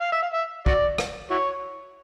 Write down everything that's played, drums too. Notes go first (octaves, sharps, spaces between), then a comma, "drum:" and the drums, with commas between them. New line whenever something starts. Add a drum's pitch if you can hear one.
F5
E5
F5
E5
F#4 D5, drum: kick
drum: rim click
E4 F#4 C#5